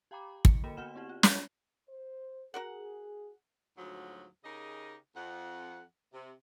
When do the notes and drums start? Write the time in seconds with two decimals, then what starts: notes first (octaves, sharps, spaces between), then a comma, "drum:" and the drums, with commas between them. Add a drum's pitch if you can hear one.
0.11 G4 F5 G5 A#5 B5 D6
0.45 D3 C#7, drum: kick
0.64 A#3 F#4 A4 A#4 D#5 G5
0.77 B3 F#4 D#5 F#5 F6 E7
0.95 C4 E4 G4
1.09 F4
1.23 drum: snare
1.88 C5
2.54 F#4 G#4 A#4 F#5
3.77 D2 G#2 F3 F#3
4.44 C#3 D#4 G4 G#4 A#4 D#5
5.15 F2 F#5
6.13 C3